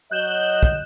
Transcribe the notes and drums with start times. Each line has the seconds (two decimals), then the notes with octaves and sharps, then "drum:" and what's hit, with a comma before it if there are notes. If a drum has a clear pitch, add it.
0.11 F#3 D#5 F#6 G6 E7
0.63 drum: kick